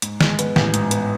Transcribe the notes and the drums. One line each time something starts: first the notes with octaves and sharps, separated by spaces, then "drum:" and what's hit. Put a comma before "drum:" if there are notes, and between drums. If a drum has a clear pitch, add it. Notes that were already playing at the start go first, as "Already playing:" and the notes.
G#2, drum: hi-hat
G#3, drum: snare
B3, drum: hi-hat
A1, drum: snare
G#2, drum: hi-hat
B3, drum: hi-hat